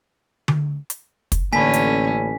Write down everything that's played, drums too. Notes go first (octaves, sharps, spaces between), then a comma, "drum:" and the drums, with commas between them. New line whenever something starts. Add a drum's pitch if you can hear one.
drum: tom D3
drum: hi-hat
drum: kick, hi-hat
A1 D3 A#3 C#4 G#5 A5 B5 B6
drum: hi-hat